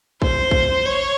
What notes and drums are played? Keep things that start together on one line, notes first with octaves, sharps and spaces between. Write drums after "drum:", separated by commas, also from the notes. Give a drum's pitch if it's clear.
C5, drum: kick
drum: kick
C#5